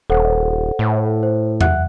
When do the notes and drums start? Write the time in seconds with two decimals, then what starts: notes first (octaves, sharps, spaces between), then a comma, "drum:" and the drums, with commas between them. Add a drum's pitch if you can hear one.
0.10 D#1 A4 C5 F#5
0.79 A2
1.23 C5
1.61 E5 F#5 F#6, drum: tom E2